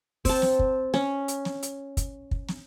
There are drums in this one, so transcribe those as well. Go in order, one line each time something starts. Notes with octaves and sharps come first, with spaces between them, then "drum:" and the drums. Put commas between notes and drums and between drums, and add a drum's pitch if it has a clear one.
C4 A5, drum: kick, open hi-hat
drum: snare
drum: kick
C#4, drum: snare
drum: hi-hat
drum: snare
drum: hi-hat
drum: kick, hi-hat
drum: kick
drum: snare